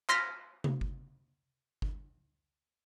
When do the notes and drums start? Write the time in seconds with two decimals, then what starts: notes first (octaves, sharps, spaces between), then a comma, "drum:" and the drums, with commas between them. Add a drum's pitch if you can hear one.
0.09 C6 F6 A#6 B6, drum: clap
0.64 drum: tom C3
0.81 drum: kick G1
1.82 drum: kick G1